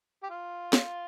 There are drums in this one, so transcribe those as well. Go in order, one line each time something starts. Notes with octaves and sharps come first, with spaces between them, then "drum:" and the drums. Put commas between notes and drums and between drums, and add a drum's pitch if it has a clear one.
G4
F4
drum: snare